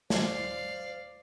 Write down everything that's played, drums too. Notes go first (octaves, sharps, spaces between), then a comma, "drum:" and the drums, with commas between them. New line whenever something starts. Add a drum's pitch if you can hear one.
C5 D5 F5, drum: snare